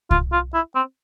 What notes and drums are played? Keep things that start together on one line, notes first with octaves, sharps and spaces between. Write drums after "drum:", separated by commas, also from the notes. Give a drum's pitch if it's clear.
F4, drum: kick C2
F4
E4
C4